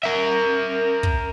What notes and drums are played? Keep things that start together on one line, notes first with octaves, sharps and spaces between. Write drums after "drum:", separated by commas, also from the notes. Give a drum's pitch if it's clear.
A#4 E5
drum: kick